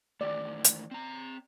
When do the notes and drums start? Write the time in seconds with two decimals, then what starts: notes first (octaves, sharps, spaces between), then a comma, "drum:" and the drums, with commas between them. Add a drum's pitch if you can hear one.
0.21 D#3 E3 A3 D5
0.64 drum: hi-hat
0.91 C4 A#5